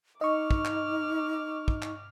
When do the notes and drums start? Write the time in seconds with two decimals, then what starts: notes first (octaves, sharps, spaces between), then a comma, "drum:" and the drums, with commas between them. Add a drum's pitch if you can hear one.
0.21 D#4 D#5 C#6 D6 F6
0.51 drum: kick
0.65 drum: clap
1.68 drum: kick
1.82 drum: clap